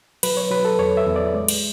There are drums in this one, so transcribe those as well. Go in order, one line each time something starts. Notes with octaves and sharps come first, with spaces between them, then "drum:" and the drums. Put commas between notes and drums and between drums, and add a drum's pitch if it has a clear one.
F#3 B4, drum: cymbal
C#5
F#3 B4
A4
E2 C#5
E5
E2
D5
G#3
drum: cymbal